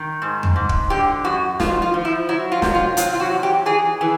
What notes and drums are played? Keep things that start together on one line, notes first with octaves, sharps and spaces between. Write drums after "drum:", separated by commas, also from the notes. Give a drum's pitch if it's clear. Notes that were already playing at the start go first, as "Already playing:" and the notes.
Already playing: D#3
G#2
drum: tom E2
G#2
drum: kick
D3 G4
F#2 F#4
F3 F4, drum: snare
F4
F3
E4
F#3 E4
F4
C3, drum: snare
F4
F#3 F4, drum: hi-hat
F4
F#4
E2
G4
E3 G#4
E3 G#4